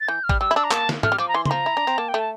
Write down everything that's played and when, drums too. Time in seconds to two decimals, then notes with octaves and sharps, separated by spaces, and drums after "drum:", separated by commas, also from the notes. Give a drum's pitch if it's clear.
0.01 A6
0.08 E3 G6
0.24 F6
0.29 G3, drum: kick
0.40 G3 E6
0.51 E4
0.56 D4 E6
0.64 A#5
0.71 A#3 A5, drum: clap
0.89 drum: snare
1.03 A3 F6, drum: tom G#2
1.12 G3
1.18 F3 D6
1.28 A#5
1.34 E3 C6
1.45 C6, drum: tom
1.50 F3 A#5
1.66 E4
1.77 D4
1.87 C4
1.98 A#3 A5
2.09 G5
2.14 A3 A5